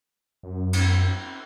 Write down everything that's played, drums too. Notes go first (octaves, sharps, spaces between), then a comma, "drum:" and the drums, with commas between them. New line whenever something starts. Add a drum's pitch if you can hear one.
F#2
drum: cymbal